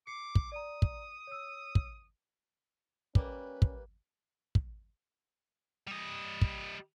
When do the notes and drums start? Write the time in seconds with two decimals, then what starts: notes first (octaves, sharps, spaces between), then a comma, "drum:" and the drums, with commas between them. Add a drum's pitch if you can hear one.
0.07 D6 C7 C#7
0.35 drum: kick
0.52 D5 A#5 D#6
0.82 drum: kick
1.27 C#5 E6
1.75 drum: kick
3.15 G3 A#3 C#4 B4, drum: kick
3.62 drum: kick
4.55 drum: kick
5.87 G3 D#5
6.42 drum: kick